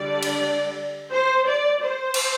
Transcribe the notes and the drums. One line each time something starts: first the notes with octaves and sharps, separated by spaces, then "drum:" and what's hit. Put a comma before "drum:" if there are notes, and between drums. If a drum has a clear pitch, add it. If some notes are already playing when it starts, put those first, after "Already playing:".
Already playing: D3 G3 D4 D5
drum: cymbal
C5
D5
C5
drum: cymbal